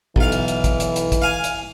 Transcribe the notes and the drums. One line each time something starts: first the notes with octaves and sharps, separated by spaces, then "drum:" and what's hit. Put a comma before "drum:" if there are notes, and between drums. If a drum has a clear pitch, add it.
B1 E3 F5, drum: kick
drum: hi-hat
drum: hi-hat
drum: kick, hi-hat
drum: hi-hat
drum: hi-hat
drum: kick, hi-hat
F5 G#5
drum: hi-hat